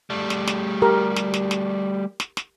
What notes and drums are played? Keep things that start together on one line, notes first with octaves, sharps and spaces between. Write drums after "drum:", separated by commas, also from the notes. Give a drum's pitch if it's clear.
G3 A3
drum: snare
drum: snare
G4 A#4
drum: snare
drum: snare
drum: snare
drum: snare
drum: snare